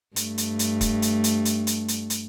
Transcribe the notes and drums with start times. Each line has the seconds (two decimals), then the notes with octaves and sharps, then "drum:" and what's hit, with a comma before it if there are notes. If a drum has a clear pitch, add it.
0.16 G2 A3, drum: hi-hat
0.38 drum: hi-hat
0.59 drum: hi-hat
0.81 drum: kick E1, hi-hat
1.02 drum: hi-hat
1.24 drum: hi-hat
1.45 drum: hi-hat
1.67 drum: hi-hat
1.88 drum: hi-hat
2.10 drum: hi-hat